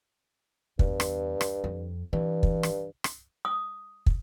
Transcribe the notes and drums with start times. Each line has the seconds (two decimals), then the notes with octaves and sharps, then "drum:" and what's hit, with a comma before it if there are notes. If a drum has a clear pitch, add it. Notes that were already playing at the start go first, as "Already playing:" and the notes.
0.79 E2 G2, drum: kick
1.00 drum: rim click
1.41 drum: rim click
1.64 F2
2.13 G2 E3
2.43 drum: kick
2.63 drum: rim click
3.04 drum: rim click
3.45 D#6
4.06 drum: kick